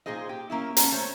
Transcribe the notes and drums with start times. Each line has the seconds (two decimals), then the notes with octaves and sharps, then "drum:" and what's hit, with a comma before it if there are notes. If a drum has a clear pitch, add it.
0.06 A#2 D#4 G#4 C5 D#5
0.29 G4
0.50 A#3 C#4 E4
0.77 B3 C#4 A5 A#5, drum: hi-hat
0.92 A3 C5 C#5